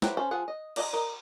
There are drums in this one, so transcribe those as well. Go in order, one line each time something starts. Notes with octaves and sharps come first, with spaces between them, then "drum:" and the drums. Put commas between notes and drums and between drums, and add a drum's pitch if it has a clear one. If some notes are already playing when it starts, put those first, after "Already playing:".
F#3 C4 E4 G4 B4, drum: snare
C#4 A4 C5
F3 F4 G#4 F#5
D#5
D#4 D5 D#5 G5 A#5, drum: cymbal
A#4 D#5